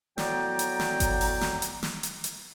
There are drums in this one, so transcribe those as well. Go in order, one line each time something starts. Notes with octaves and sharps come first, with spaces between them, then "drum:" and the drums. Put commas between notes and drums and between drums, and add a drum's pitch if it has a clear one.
A2 F#3 B3 D5 G5 A#5, drum: snare
drum: hi-hat
drum: snare
drum: kick G1, hi-hat
drum: open hi-hat
drum: snare
drum: hi-hat
drum: snare
drum: hi-hat
drum: hi-hat